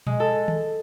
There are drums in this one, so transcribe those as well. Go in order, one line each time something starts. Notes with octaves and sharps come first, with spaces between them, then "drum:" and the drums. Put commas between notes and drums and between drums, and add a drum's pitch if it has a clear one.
G#3, drum: tom A#2
A4
drum: tom D#3